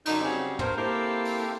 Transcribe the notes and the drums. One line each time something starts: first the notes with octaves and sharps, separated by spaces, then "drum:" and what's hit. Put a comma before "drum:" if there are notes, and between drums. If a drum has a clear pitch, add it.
F#2 D3 D#4, drum: cymbal
C#3 F#3 G3 C4
G2 A#4 C5, drum: tom
A#3 C4 E4 G4 A4
drum: open hi-hat